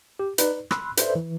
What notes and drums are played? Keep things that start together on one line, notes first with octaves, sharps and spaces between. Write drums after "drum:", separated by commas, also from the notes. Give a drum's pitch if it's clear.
G4
D#4 B4 D5, drum: hi-hat
B5 C6 E6 F#6, drum: rim click
A4 B4 C5 D5 E5, drum: hi-hat
E3